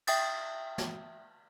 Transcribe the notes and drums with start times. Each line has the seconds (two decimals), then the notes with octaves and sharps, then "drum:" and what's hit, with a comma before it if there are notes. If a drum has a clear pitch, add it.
0.07 E5 G5 D#6 A6, drum: cymbal
0.78 drum: snare